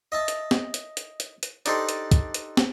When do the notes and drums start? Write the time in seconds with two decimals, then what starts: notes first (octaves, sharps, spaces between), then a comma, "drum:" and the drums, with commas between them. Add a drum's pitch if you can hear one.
0.12 D#5 E5 A5
0.28 drum: hi-hat
0.51 drum: snare
0.74 drum: hi-hat
0.97 drum: hi-hat
1.20 drum: hi-hat
1.43 drum: hi-hat
1.66 D4 D#4 G4 A4 C5 D5, drum: hi-hat
1.89 drum: hi-hat
2.12 drum: kick, hi-hat
2.34 drum: hi-hat
2.57 drum: snare